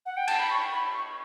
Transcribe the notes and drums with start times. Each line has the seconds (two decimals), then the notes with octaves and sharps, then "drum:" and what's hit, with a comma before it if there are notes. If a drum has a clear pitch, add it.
0.06 F#5
0.17 G5
0.28 A5, drum: cymbal
0.39 B5
0.50 C#6
0.72 B5
0.94 C#6